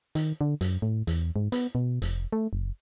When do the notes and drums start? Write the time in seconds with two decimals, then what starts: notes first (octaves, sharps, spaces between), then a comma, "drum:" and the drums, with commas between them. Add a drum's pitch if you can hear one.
0.15 D#3, drum: hi-hat
0.41 D3
0.61 F#2, drum: hi-hat
0.82 A2
1.07 E2, drum: hi-hat
1.36 G#2
1.52 B3, drum: hi-hat
1.75 B2
2.02 F1, drum: hi-hat
2.32 A3
2.53 F#1